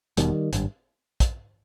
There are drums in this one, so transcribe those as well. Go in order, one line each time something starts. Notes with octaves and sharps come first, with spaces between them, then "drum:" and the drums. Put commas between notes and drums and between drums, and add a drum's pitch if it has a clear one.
E1 E2 B2 D#3 G3, drum: hi-hat
G#1 G2, drum: hi-hat
drum: kick, hi-hat